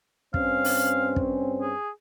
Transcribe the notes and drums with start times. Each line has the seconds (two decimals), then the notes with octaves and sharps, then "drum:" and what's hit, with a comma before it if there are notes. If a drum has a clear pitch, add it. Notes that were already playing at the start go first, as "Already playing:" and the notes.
0.34 G2 C4 C#4 F5, drum: kick
0.64 drum: open hi-hat
1.16 drum: kick
1.61 G#4